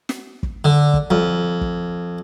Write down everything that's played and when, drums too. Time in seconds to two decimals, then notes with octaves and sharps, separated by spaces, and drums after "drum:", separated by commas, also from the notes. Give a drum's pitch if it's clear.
0.09 drum: snare
0.43 drum: kick
0.65 D3
0.94 drum: kick
1.11 F2
1.61 drum: kick